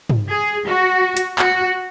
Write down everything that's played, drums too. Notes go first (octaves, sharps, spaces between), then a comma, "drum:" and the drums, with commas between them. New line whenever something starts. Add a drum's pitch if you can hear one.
drum: tom
G#4
F#4
drum: hi-hat
F#4, drum: clap